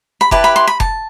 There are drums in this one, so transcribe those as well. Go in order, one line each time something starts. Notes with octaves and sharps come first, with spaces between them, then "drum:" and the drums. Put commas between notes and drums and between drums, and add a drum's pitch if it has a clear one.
B5
E4 G4 B4 A5, drum: kick F1
B5
C6
B5
A5, drum: kick F1